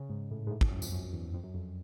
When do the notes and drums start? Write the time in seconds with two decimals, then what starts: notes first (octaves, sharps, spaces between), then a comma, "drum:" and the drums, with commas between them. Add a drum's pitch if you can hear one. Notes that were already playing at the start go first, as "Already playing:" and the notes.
Already playing: C#3
0.10 G#2
0.31 A2
0.47 G#2
0.51 A2
0.61 G#2, drum: kick
0.72 F#2
0.82 F2, drum: tambourine
0.92 F#2
1.13 E2
1.34 F2
1.44 F#2
1.54 F2